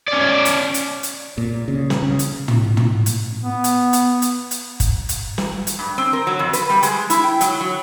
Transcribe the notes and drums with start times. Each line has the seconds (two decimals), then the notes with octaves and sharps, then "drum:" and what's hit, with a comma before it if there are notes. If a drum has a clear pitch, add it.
0.08 C#4 D5
0.45 drum: hi-hat
0.74 drum: hi-hat
1.03 drum: hi-hat
1.38 A#2
1.68 C#3
1.90 drum: snare
2.02 C#3
2.19 drum: hi-hat
2.48 drum: tom
2.77 drum: tom
3.06 drum: hi-hat
3.44 B3
3.64 drum: hi-hat
3.93 drum: hi-hat
4.22 drum: hi-hat
4.51 drum: hi-hat
4.80 drum: kick F#1, hi-hat
5.09 drum: hi-hat
5.38 drum: snare
5.67 drum: hi-hat
5.79 G2
5.98 C4
6.13 A#4
6.27 F#3
6.39 F2
6.53 B4, drum: hi-hat
6.70 G3
6.83 G#3, drum: hi-hat
7.10 E4, drum: hi-hat
7.24 G5
7.41 F#3, drum: hi-hat
7.60 F#3